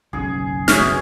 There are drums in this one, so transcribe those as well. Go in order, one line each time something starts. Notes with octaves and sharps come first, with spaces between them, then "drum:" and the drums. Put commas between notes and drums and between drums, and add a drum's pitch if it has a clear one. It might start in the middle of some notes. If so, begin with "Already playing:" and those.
F#1 B1 C#4 G#4
B2 G#4 C#5 E5 F6, drum: snare